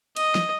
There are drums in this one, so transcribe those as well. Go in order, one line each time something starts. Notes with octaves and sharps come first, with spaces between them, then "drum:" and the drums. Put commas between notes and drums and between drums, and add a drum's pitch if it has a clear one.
D#5, drum: cymbal
drum: snare